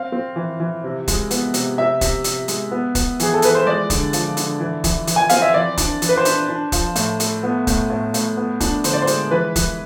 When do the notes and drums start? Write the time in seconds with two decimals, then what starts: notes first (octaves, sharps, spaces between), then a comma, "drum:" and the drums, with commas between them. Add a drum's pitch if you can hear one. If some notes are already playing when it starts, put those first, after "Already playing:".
Already playing: C4 F5
0.12 C4
0.36 E3
0.60 E3
0.84 C3
1.08 G#3, drum: kick, hi-hat
1.31 B3, drum: hi-hat
1.54 C3, drum: hi-hat
1.78 C3 E5
2.01 C3, drum: kick, hi-hat
2.24 C3, drum: hi-hat
2.48 G#3, drum: hi-hat
2.71 B3
2.95 B3, drum: kick, hi-hat
3.20 E3 G#4, drum: hi-hat
3.34 A4
3.42 E3 B4, drum: hi-hat
3.55 C5
3.66 G#3 D5
3.90 D3, drum: kick, hi-hat
4.13 F3, drum: hi-hat
4.37 D3, drum: hi-hat
4.60 E3
4.84 E3, drum: kick, hi-hat
5.07 E3, drum: hi-hat
5.16 G#5
5.29 C4 F5, drum: hi-hat
5.42 E5
5.54 E3 D5
5.77 D4, drum: kick, hi-hat
6.02 E3, drum: hi-hat
6.09 B4
6.17 C5
6.25 D4, drum: hi-hat
6.49 D4
6.72 F3, drum: kick, hi-hat
6.96 A2, drum: hi-hat
7.20 A3, drum: hi-hat
7.43 B3
7.67 A2, drum: kick, hi-hat
7.90 A2
8.14 A2, drum: hi-hat
8.37 B3
8.60 D4, drum: kick, hi-hat
8.84 D3 C5, drum: hi-hat
8.93 D5
9.02 C5
9.07 G#3, drum: hi-hat
9.31 E3 B4
9.56 E3, drum: kick, hi-hat